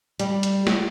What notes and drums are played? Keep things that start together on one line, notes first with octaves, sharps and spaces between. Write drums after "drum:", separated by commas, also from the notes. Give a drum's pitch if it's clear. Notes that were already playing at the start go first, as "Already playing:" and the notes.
G3, drum: hi-hat
drum: hi-hat
drum: snare